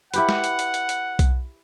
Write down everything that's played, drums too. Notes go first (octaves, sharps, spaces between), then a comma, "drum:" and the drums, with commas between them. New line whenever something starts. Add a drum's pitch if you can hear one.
E4 G4 B4 F#5, drum: hi-hat
drum: snare
drum: hi-hat
drum: hi-hat
drum: hi-hat
drum: hi-hat
drum: kick B1, hi-hat